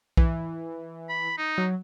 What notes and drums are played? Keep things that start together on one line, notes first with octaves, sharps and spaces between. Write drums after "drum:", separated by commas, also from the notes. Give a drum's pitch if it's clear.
E3, drum: kick B1
B5
D#4
F#3